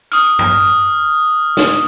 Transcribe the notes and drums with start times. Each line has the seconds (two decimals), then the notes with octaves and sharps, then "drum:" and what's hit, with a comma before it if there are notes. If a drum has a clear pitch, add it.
0.12 D#6 F6, drum: hi-hat
0.39 drum: tom
1.57 drum: snare